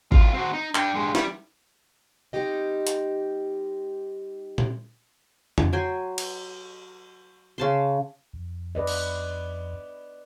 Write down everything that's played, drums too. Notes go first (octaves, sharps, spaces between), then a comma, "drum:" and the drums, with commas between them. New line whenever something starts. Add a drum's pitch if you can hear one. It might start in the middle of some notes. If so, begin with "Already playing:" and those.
C2 F4, drum: kick G#1
C4 F#4
D#4
D4 G5, drum: clap
G2 G#3
G3, drum: snare
G3 C4 D#4 G4 D#5
drum: hi-hat
drum: tom A#2
drum: tom F2
F#3 G5 G#5 C6
drum: cymbal
C#3 A5 C6
F2
B4 D5 D#5
drum: cymbal